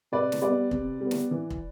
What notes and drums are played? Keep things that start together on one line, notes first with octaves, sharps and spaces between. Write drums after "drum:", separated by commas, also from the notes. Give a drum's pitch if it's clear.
C3 B4 D5
drum: snare
G3 B3 B4 D5
C3, drum: kick
G3 B3
drum: snare
E3
drum: kick